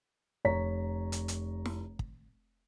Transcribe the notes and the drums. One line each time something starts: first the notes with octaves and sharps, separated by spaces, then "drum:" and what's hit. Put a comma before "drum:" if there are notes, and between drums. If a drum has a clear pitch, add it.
F1 C#5 A#5 B6
drum: hi-hat
drum: hi-hat
drum: snare
drum: kick